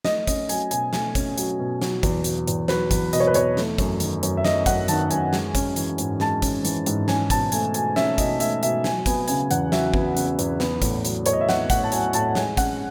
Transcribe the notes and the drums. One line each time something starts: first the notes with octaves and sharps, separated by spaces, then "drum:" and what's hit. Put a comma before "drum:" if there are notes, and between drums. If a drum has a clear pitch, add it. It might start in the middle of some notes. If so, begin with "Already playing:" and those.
A3 D#5, drum: snare
C#4 D#5, drum: kick, hi-hat
F#3 G#5, drum: hi-hat
B2 G#5, drum: hi-hat
A3 G#5, drum: snare
C#4, drum: kick, hi-hat
F#3, drum: hi-hat
B2
F#3, drum: snare
E2, drum: kick, hi-hat
B2, drum: hi-hat
E2, drum: hi-hat
F#3 B4, drum: snare
E2, drum: kick, hi-hat
B2 D#5, drum: hi-hat
C#5
B4
E2 C#5, drum: hi-hat
A3, drum: snare
F#2, drum: kick, hi-hat
D#3, drum: hi-hat
F#2, drum: hi-hat
E5
A3 D#5, drum: snare
F#2 F#5, drum: kick, hi-hat
D#3 A5, drum: hi-hat
F#2 G#5, drum: hi-hat
G#3, drum: snare
C#4, drum: kick, hi-hat
E3, drum: hi-hat
G#2, drum: hi-hat
G#3 A5, drum: snare
C#4, drum: kick, hi-hat
E3, drum: hi-hat
G#2, drum: hi-hat
C#4 G#5, drum: snare
B2 A5, drum: kick, hi-hat
A3 G#5, drum: hi-hat
B2 G#5, drum: hi-hat
C#4 E5, drum: snare
B2 D#5, drum: kick, hi-hat
A3 E5, drum: hi-hat
B2 E5, drum: hi-hat
F#3 G#5, drum: snare
B3 G#5, drum: kick, hi-hat
C#3 G#5, drum: hi-hat
E2 F#5, drum: hi-hat
F#3 E5, drum: snare
B3, drum: kick
C#3, drum: hi-hat
E2, drum: hi-hat
B3, drum: snare
A2, drum: kick, hi-hat
F#3, drum: hi-hat
A2 C#5, drum: hi-hat
D#5
E5
B3 F#5, drum: snare
A2 F#5, drum: kick, hi-hat
A5
F#3 G#5, drum: hi-hat
A2 A5, drum: hi-hat
G#3 G#5, drum: snare
C#4 F#5, drum: kick, hi-hat